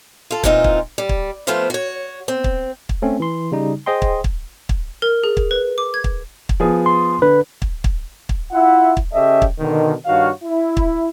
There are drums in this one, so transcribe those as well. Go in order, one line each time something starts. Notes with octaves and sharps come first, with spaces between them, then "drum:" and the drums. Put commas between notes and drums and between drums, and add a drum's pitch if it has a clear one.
F4 A4
A#2 E3 C4 D#4 F4, drum: kick
drum: kick
G3
drum: kick
F3 A3 B3 C4 C5 F5
F#4 C#5
C4
drum: kick
drum: kick
A3 C4 C#4
E3 C6
C#3 G3 D#4
G#4 C5 D#5 G5 C6
drum: kick
drum: kick
drum: kick
A#4
G#4
drum: kick
B4
D6
G#6
drum: kick
drum: kick
F3 B3 G#4
C6
D3 B4
drum: kick
drum: kick
drum: kick
E4 F4 E5 F#5
drum: kick
C#3 C#4 G4 A4 D#5 E5
drum: kick
B2 D3 D#3
G2 D#3 F#4 C#5 F5
E4
drum: kick